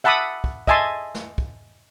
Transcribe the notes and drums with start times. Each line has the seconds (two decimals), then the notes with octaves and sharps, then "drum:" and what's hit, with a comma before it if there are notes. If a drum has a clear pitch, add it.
0.04 E5 F#5 A5 B5 D6 D#6
0.44 drum: kick
0.67 D#5 E5 G#5 A5 C6, drum: kick
1.15 drum: snare
1.38 drum: kick